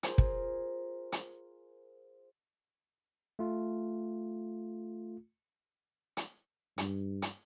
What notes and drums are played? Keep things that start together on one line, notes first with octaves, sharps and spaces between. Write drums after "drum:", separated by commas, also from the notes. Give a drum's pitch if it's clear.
F4 G#4 A#4 C5, drum: hi-hat
drum: kick
drum: hi-hat
A3 F4
drum: hi-hat
G2, drum: hi-hat
drum: hi-hat